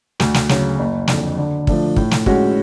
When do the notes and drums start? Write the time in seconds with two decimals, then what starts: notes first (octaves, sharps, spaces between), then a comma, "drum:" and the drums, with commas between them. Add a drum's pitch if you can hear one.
0.20 D2, drum: snare
0.34 drum: snare
0.49 C#3 F#3 C#4, drum: snare
0.79 F#1
1.08 F2 D3, drum: snare
1.38 D3
1.67 F3 A3 D4, drum: kick
1.96 A2, drum: kick
2.11 drum: snare
2.26 G#3 C#4 F#4, drum: kick